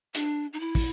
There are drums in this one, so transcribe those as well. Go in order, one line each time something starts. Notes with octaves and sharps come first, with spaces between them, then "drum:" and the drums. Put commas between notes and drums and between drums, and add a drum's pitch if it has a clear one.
D4, drum: hi-hat
D#4
E4
drum: kick, open hi-hat